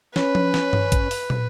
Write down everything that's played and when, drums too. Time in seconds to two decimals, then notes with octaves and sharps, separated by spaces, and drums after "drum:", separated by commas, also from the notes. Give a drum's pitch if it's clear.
0.16 C#4 B4, drum: snare
0.35 drum: tom F3
0.54 drum: snare
0.73 drum: tom G2
0.92 drum: kick A1, hi-hat
1.11 drum: open hi-hat
1.30 drum: tom